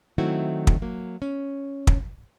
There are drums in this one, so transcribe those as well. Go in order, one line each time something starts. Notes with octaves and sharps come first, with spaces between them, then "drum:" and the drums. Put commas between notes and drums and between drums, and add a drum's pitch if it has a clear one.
D#3 F#3 A3 C4 E4 F#4
drum: kick
F#3 A#3
C#4
drum: kick